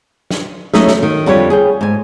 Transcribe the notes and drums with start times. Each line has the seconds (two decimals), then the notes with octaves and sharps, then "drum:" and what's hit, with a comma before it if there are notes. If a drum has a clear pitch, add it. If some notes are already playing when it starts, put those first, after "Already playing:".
0.31 drum: snare
0.74 F#3 A3 C#4 D#4 D#5 E5, drum: snare
0.88 drum: snare
1.03 D#3
1.26 F2 D3 G3 G4 B4 C#5
1.50 G#4 C#5 G5
1.81 G#2 G#5